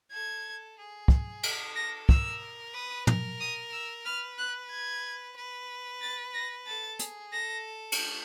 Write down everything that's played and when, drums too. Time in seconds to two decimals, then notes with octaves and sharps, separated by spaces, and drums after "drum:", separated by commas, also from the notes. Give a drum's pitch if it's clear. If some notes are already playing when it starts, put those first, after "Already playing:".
0.12 A4 G#6
0.78 G#4
1.08 drum: kick
1.43 A4 B6, drum: cymbal
1.76 A#6
2.09 A#4 E6, drum: kick
2.74 B4 D#6
3.07 A#4, drum: tom
3.40 D#6
3.73 E6
4.05 B4 F6
4.38 F#6
4.70 G#6
5.36 B4
6.02 A6
6.34 A#6
6.67 A4 A6
6.99 G#4, drum: hi-hat
7.33 A4 A#6
7.92 drum: cymbal